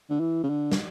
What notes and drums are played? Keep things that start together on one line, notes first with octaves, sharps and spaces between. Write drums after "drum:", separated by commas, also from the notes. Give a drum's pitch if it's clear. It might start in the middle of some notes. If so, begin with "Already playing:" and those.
D3
E3
C#3
D3
drum: snare